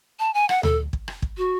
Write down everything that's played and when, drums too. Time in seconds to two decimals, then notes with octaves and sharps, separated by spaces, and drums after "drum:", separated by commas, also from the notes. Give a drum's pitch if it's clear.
0.19 A5
0.34 G#5
0.49 F#5, drum: rim click
0.63 A4, drum: tom D2
0.93 drum: kick
1.08 drum: rim click
1.22 drum: kick
1.37 F#4